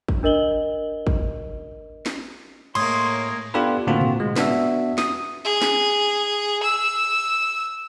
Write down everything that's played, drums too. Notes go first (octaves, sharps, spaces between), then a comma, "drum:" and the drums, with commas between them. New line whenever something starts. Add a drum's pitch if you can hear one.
drum: kick
D4 A#4 D#5 F#7 G7
drum: kick
drum: snare
A2 G#3 A#3 C#5 C6 D#6, drum: cymbal
B3 D4 F4 G4 A4 B4
A2 D3 A#3 C4 F4 F#4
drum: tom A#2
G#3
B3 D4 F#4 E5, drum: snare
D#6, drum: snare
G#4
drum: snare
E6